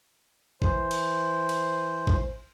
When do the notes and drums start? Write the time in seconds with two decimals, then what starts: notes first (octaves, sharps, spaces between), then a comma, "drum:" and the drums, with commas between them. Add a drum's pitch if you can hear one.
0.62 E3 C5, drum: kick G#1
0.91 drum: cymbal
1.49 drum: cymbal
2.07 drum: kick G#1